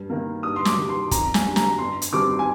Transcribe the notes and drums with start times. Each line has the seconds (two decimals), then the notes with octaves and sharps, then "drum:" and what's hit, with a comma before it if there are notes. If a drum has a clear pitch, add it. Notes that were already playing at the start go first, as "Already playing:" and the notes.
Already playing: G2
0.10 D#3 A#3
0.43 G2 D#6
0.56 C6
0.65 D6, drum: snare
0.77 D#3 G3
0.89 C6
1.11 F2 A#5, drum: kick, hi-hat
1.34 G#5, drum: snare
1.46 D3 G3
1.56 A#5, drum: snare
1.78 G1 C6
2.02 drum: hi-hat
2.12 G2 D#3 G3 C4 D6
2.39 G#5